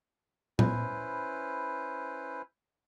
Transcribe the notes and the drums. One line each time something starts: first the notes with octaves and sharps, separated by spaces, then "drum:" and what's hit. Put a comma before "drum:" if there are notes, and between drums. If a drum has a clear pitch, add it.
C#4 E4 B4 C5, drum: tom A#2